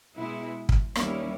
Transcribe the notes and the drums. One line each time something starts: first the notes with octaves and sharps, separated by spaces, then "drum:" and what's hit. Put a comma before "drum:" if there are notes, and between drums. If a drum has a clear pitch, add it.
B2 G#3 B3 E4
drum: kick
D#2 D#3 G3 A#3 C#4 E4, drum: rim click